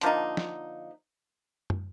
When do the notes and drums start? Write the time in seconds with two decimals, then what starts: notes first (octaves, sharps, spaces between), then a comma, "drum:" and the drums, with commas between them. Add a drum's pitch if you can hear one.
0.01 D3 F3 A#3 D#4, drum: hi-hat
0.37 drum: snare
1.70 drum: tom